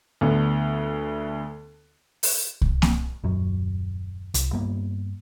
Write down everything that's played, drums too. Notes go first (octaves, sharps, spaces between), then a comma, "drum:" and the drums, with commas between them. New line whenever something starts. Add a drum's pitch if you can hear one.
D2 D3 B3
drum: open hi-hat
drum: kick C2
drum: snare A#3
D#1 F#2 F#3
C2, drum: hi-hat
G2 G3 A#3 B3